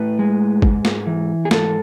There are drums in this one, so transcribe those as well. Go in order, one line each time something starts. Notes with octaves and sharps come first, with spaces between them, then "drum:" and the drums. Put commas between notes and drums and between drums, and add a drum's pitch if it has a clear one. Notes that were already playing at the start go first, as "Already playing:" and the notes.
Already playing: A2 B4
G#3
G#2, drum: kick
drum: snare
E3
G#4
G#2 A4, drum: snare